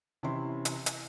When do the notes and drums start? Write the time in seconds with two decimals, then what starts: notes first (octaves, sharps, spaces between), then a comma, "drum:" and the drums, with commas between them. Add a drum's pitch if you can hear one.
0.23 C3 E3 C#4 E4 C6
0.65 drum: hi-hat
0.86 drum: hi-hat